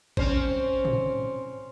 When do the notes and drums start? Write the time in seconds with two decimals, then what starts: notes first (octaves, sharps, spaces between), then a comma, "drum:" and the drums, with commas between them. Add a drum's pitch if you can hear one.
0.17 C4 C#4 C5, drum: kick G#1
0.85 drum: tom